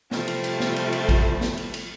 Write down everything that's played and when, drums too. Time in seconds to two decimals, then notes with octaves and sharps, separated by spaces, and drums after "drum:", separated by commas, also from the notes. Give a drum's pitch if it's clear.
0.11 C3 F3 G3 A3, drum: snare
0.28 drum: cymbal
0.44 drum: cymbal
0.60 drum: snare
0.76 drum: cymbal
0.93 drum: cymbal
1.09 drum: kick A1, cymbal
1.41 drum: snare
1.57 drum: cymbal
1.74 drum: cymbal